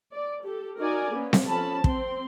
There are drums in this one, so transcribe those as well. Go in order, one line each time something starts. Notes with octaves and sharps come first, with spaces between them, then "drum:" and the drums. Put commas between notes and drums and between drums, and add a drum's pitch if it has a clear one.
D5
G4 A4
D#4 F#4 A#4 D5 G#5
A#3 B3 C#4
drum: snare C4
F3 C#4 A4 A5 B5
C4 C5 C6, drum: kick